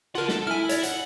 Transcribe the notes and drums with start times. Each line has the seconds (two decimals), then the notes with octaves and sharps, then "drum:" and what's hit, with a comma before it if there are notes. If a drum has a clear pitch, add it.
0.15 F4 A#4 F#5 A5
0.29 A4, drum: snare
0.47 E4 G#5 F6
0.69 C#5 D5, drum: hi-hat
0.83 F#5, drum: hi-hat